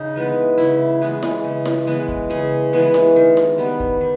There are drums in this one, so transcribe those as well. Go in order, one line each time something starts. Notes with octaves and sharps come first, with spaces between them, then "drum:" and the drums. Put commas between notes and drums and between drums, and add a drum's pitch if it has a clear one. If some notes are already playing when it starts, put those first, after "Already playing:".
Already playing: C#3 D#4
E3 G#3 B3
C#3 E4
E3 G#3 B3
drum: snare E4
C#3
drum: snare E4
E3 G#3 B3
drum: kick
C#3 G#4
E3 G#3 B3
drum: snare E4
D#3
drum: snare E4
G3 B3
drum: kick
D#3